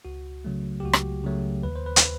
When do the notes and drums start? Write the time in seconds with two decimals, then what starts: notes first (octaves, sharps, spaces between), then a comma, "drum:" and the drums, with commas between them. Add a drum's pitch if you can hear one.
0.05 C#2 F#4
0.45 C#3 F#3 A3
0.80 G4
0.84 C#2 F#4
0.93 drum: rim click
1.24 C#3 F#3 A3
1.63 D#2 B4
1.76 C5
1.86 B4
1.96 drum: hi-hat